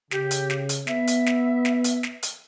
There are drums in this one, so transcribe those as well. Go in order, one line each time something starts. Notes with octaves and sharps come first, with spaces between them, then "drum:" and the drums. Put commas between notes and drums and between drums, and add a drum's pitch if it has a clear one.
C#3 G4, drum: snare
drum: hi-hat
drum: snare
drum: hi-hat
B3 E5, drum: snare
drum: hi-hat
drum: snare
drum: snare
drum: hi-hat
drum: snare
drum: hi-hat